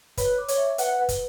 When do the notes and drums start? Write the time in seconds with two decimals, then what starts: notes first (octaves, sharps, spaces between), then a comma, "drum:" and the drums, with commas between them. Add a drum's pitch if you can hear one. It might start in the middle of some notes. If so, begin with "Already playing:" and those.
0.17 B4 C#5, drum: kick, hi-hat
0.38 D6
0.48 C#5, drum: hi-hat
0.57 E5
0.78 B4 F#5, drum: hi-hat
0.99 B4
1.09 drum: kick, hi-hat